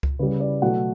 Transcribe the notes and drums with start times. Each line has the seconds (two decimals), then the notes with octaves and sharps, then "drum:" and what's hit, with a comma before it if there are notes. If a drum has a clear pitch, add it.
0.03 drum: kick C#2
0.19 C#3 G3 B4
0.40 D5
0.62 B2 F#3 A3 F#5